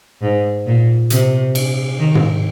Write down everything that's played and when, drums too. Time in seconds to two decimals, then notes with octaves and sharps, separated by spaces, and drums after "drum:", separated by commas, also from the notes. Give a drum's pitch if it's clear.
0.22 G#2
0.66 A#2
1.10 C3, drum: hi-hat
1.55 drum: cymbal
2.00 D#3
2.15 drum: tom G#2